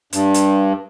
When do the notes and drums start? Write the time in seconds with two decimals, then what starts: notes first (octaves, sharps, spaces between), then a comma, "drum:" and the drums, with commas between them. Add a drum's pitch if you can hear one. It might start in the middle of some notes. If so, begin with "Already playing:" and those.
0.13 G2, drum: hi-hat
0.34 drum: hi-hat